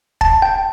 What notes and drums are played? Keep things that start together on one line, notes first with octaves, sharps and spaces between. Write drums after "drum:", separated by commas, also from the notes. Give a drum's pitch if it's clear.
A5, drum: kick
G5